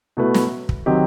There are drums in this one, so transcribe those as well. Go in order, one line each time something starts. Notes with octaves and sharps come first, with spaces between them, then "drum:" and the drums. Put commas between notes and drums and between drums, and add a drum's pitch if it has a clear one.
B2 A3 E4 B4
drum: snare
drum: kick
D#3 F#3 C4 D#4 G4